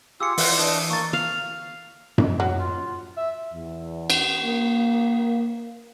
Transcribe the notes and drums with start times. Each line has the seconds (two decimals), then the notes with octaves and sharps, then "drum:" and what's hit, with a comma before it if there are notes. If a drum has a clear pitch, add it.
0.20 F4 G4 G#4 E6 C#7
0.38 E3 F4 F#5, drum: open hi-hat
0.58 D4 D#5
0.90 A#3 C#6 A6
1.13 F5
2.18 drum: tom F#2
2.40 F#3
2.60 F4
3.17 E5
3.53 E2
4.10 drum: cymbal
4.43 A#3